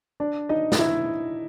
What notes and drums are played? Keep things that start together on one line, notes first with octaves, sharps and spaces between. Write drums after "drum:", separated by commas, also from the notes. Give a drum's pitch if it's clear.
D4 D5
D#4 D#5
D#5, drum: snare
E4 E5